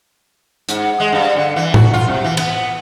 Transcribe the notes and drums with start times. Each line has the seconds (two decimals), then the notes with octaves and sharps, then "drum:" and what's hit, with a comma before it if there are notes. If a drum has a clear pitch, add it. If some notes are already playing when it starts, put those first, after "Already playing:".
0.69 G#2, drum: hi-hat
1.00 G#3
1.12 G2
1.37 D3
1.56 E3
1.74 F#4, drum: tom A2
1.93 F4
2.08 C3
2.24 E3
2.37 B3, drum: cymbal